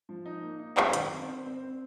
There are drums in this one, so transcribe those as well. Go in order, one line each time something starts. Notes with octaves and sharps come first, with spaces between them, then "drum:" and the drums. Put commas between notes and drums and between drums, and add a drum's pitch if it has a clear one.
F3
D#4
A#3
D#4
F#2, drum: clap
D#3, drum: hi-hat
C4
C4
C4
C4